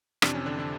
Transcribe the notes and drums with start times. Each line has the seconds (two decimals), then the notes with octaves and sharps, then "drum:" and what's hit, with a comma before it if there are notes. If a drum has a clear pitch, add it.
0.22 F2 C3 E3 D4, drum: rim click
0.34 C#4
0.46 D3 D4
0.59 D3 D4